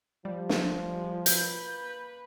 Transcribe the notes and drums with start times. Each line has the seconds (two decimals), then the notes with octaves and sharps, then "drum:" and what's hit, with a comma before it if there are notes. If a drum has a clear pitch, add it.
0.25 F3 G3
0.49 drum: snare
0.89 G#3
1.26 A#3 B4 G6, drum: hi-hat